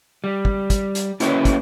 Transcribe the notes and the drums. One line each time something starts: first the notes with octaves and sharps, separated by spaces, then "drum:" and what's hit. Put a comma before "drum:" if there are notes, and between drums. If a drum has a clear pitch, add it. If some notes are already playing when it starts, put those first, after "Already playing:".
G3
drum: kick
drum: kick, hi-hat
drum: hi-hat
A#3 C#4 E4 F#4 B4 D#5, drum: hi-hat
drum: kick, hi-hat